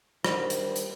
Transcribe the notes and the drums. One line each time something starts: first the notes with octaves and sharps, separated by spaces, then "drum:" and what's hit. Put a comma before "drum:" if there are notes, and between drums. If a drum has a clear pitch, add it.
D#3 G3 D4 C5, drum: rim click
drum: hi-hat
drum: hi-hat